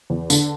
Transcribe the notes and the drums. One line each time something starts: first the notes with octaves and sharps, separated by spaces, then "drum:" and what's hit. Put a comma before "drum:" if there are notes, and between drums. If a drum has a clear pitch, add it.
E2
D3, drum: tambourine